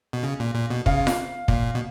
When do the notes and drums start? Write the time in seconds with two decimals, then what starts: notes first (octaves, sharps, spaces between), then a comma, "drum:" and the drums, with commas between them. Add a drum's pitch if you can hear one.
0.13 B2
0.23 C#3
0.40 A#2
0.55 A#2
0.70 B2
0.86 C#3 F5, drum: kick
1.07 drum: snare F4
1.48 A#2, drum: kick
1.75 B2